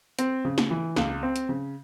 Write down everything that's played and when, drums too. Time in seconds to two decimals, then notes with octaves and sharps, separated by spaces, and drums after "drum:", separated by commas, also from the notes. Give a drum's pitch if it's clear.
0.19 C4, drum: hi-hat
0.45 C#3
0.58 drum: snare
0.70 E3
0.96 C#2, drum: snare
1.23 C4
1.36 drum: hi-hat
1.49 C#3